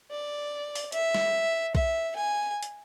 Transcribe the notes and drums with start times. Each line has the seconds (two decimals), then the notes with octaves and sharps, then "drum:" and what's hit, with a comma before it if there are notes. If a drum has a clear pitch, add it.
0.11 D5
0.75 drum: open hi-hat
0.92 E5, drum: hi-hat
1.15 drum: snare
1.75 E5, drum: kick B1
2.16 G#5
2.63 drum: hi-hat